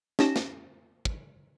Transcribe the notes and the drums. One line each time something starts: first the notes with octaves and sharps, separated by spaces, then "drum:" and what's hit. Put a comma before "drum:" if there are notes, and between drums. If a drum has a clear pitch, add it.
C#4 D#4 G4 A5 A#6 E7, drum: snare
drum: snare
drum: kick